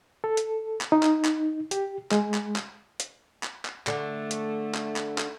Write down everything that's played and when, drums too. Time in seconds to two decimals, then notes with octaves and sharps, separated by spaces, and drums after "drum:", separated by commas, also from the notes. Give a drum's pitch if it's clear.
0.24 A4
0.37 drum: hi-hat
0.81 drum: clap
0.92 D#4
1.03 drum: clap
1.25 drum: clap
1.71 G4, drum: hi-hat
2.11 G#3, drum: clap
2.34 drum: clap
2.56 drum: clap
3.00 drum: hi-hat
3.43 drum: clap
3.65 drum: clap
3.87 D3 A3, drum: clap
4.31 drum: hi-hat
4.75 drum: clap
4.96 drum: clap
5.18 drum: clap